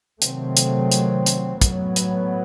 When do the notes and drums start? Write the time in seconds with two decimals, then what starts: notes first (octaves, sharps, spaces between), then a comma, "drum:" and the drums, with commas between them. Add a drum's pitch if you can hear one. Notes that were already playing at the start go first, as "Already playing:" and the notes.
0.22 C3 D#3 F#3 A3 C4, drum: hi-hat
0.57 drum: hi-hat
0.92 drum: hi-hat
1.26 drum: hi-hat
1.61 A2 F#3 B3, drum: kick, hi-hat
1.96 drum: hi-hat